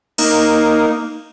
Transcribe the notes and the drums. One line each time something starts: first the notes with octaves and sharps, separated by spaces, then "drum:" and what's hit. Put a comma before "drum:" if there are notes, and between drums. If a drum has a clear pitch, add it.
A#3 D#4, drum: cymbal